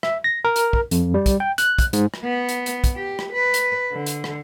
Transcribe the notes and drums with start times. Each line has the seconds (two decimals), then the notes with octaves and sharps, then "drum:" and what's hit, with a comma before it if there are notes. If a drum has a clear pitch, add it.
0.03 E5, drum: rim click
0.24 A#6
0.45 A#4
0.56 drum: hi-hat
0.73 drum: kick
0.91 F2, drum: hi-hat
1.14 G3
1.26 drum: kick, hi-hat
1.40 G5
1.58 F#6, drum: hi-hat
1.79 drum: kick, hi-hat
1.93 G#2, drum: hi-hat
2.14 drum: rim click
2.24 B3
2.49 drum: hi-hat
2.66 drum: hi-hat
2.84 drum: kick, hi-hat
2.96 G4
3.19 drum: rim click
3.33 B4
3.54 drum: hi-hat
3.93 D3
4.06 drum: hi-hat
4.24 drum: rim click